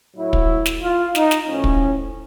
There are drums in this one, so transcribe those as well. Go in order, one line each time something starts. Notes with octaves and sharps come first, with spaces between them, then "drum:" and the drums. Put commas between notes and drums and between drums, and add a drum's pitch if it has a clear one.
A2 F#3 E4
drum: kick
drum: snare
F4
D#4, drum: snare
drum: snare
A2 F3 C#4
drum: kick